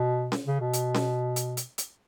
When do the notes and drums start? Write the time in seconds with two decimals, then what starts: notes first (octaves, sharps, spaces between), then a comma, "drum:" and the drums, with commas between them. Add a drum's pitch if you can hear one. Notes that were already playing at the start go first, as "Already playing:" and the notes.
Already playing: B2
0.32 drum: snare C#4
0.46 C#3
0.60 B2
0.74 drum: hi-hat
0.94 drum: snare C#4
1.36 drum: hi-hat
1.57 drum: hi-hat
1.78 drum: hi-hat